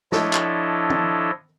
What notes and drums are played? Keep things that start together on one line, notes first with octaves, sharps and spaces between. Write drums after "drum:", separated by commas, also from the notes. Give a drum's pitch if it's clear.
F3 D4 E4 A4 C#5 D#5, drum: snare
drum: clap
drum: tom D#3